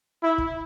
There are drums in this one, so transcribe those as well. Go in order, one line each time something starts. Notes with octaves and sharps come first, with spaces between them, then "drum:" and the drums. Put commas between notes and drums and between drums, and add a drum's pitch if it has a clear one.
E4
drum: kick